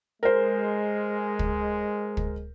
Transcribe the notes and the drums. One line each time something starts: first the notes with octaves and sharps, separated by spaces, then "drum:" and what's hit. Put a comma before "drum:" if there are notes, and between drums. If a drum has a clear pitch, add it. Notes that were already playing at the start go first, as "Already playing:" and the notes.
G#3 A#4 C5
drum: kick
drum: kick